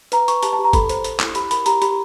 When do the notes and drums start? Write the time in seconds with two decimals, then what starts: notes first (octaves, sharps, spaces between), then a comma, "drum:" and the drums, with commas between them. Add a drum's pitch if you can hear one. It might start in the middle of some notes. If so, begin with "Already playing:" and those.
0.12 B4 A#5, drum: hi-hat
0.28 B4 C#6, drum: hi-hat
0.43 G4 A5, drum: hi-hat
0.53 A5
0.59 G4
0.64 A#5
0.73 A4 B5, drum: kick, hi-hat
0.89 C5, drum: hi-hat
1.04 C5, drum: hi-hat
1.20 E4, drum: clap
1.35 G4 B5, drum: hi-hat
1.51 A#4 B5, drum: hi-hat
1.66 G4 A#5, drum: hi-hat
1.82 G4 B5, drum: hi-hat